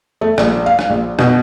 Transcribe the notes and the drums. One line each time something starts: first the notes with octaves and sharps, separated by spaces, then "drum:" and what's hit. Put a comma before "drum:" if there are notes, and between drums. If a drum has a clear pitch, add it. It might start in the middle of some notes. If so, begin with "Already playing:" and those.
A3
A#1, drum: rim click
F5
drum: rim click
A#1
B2, drum: rim click